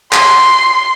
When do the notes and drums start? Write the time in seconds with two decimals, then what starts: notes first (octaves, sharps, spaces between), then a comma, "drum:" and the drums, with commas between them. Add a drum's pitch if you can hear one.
0.13 C6, drum: clap